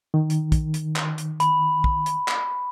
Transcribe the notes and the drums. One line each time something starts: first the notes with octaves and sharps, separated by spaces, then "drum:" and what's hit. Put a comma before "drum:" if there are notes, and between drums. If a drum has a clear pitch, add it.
D#3
drum: hi-hat
drum: kick, hi-hat
drum: hi-hat
drum: clap
drum: hi-hat
B5, drum: hi-hat
drum: kick
drum: hi-hat
drum: clap